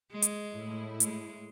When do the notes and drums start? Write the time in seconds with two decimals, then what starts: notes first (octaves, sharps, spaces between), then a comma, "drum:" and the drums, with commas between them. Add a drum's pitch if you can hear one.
0.11 G#3
0.22 drum: hi-hat
0.53 A2 E4
1.00 G#3, drum: hi-hat